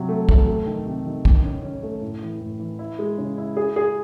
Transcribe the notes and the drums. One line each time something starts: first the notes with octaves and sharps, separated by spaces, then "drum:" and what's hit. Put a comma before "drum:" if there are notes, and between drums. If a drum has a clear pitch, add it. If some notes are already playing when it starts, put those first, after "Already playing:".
Already playing: C3 F#3
A3
A3, drum: kick
A3
D#3
C3
D#3
D#3, drum: kick
C#4
C#4
A3
A2
E3
A2
E3
E4
G#3
C#3
E4
G#4
G#4